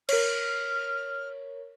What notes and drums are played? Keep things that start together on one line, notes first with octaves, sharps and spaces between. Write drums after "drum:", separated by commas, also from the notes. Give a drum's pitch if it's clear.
A#4 C#5 F6, drum: cymbal